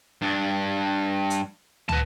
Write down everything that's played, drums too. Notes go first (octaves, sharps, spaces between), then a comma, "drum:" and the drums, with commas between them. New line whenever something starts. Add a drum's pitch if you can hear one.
G2 D4
drum: hi-hat
B4 A5, drum: tom